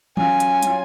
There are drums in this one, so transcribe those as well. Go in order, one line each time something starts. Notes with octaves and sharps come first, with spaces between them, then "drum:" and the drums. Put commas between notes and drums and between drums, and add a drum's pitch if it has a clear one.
F#3 C#4 F4 G#5, drum: tom E3
drum: hi-hat
F#3 C#4 F4, drum: hi-hat